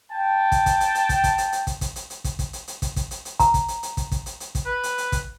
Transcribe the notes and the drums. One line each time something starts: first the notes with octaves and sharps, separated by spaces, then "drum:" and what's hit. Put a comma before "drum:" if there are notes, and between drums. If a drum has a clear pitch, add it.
G5 A5
drum: kick, hi-hat
drum: kick, hi-hat
drum: hi-hat
drum: hi-hat
drum: kick, hi-hat
drum: kick, hi-hat
drum: hi-hat
drum: hi-hat
drum: kick, hi-hat
drum: kick, hi-hat
drum: hi-hat
drum: hi-hat
drum: kick, hi-hat
drum: kick, hi-hat
drum: hi-hat
drum: hi-hat
drum: kick, hi-hat
drum: kick, hi-hat
drum: hi-hat
drum: hi-hat
A#5, drum: kick, hi-hat
drum: kick, hi-hat
drum: hi-hat
drum: hi-hat
drum: kick, hi-hat
drum: kick, hi-hat
drum: hi-hat
drum: hi-hat
drum: kick, hi-hat
B4
drum: hi-hat
drum: hi-hat
drum: kick, hi-hat